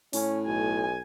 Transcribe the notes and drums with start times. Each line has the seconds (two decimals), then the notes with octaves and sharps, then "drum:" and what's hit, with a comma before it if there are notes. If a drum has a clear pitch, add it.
0.13 A2 C#4, drum: open hi-hat
0.46 B1 G#5